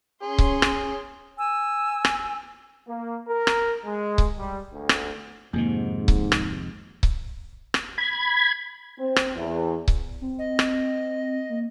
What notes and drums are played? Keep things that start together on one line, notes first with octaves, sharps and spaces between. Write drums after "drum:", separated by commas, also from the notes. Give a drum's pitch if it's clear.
C#4 G#4 C6
drum: kick C#1
drum: rim click
G#5 E6
drum: rim click
A#3
A#4
drum: rim click
G#3
drum: kick C#1
G3
D2
drum: rim click
F2 G#2 C3 D#3 A#3
drum: kick C#1
drum: rim click
drum: kick C#1
drum: rim click
B5 G#6
C4
drum: rim click
E2
drum: kick C#1
C4
D#5
drum: rim click
A#3